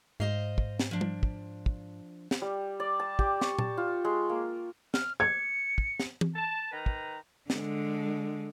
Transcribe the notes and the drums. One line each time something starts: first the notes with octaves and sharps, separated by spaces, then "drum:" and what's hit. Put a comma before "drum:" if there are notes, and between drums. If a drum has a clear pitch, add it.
G#2 C5 D#5 F5
drum: kick
drum: snare
F3 D4
drum: tom G3
drum: kick
drum: kick
drum: snare
G3
D5
A5
G4, drum: kick
C#6, drum: snare
A5, drum: tom A#2
F4
G#3
A#3
F6, drum: snare
G#6 C#7
drum: kick
drum: snare
drum: tom
A5
D#3 B4 A#5
drum: kick
D3 G#3, drum: snare